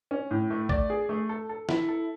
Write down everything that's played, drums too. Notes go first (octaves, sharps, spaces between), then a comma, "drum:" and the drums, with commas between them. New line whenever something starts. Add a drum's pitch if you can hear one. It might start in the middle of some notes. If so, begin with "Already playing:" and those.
C#4
A2
A3
D5, drum: kick A1
G#4
A3
A4
A4
E4, drum: snare
A4